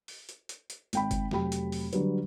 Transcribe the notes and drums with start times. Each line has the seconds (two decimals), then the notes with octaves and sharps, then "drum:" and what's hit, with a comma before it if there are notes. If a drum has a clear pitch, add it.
0.08 drum: open hi-hat
0.29 drum: hi-hat
0.49 drum: hi-hat
0.70 drum: hi-hat
0.93 G#1 G5 B5, drum: hi-hat
1.11 drum: kick, hi-hat
1.31 F1 F#3 G4 G5 B5, drum: snare
1.52 drum: hi-hat
1.72 drum: open hi-hat
1.93 D3 F#3 G3 B4, drum: hi-hat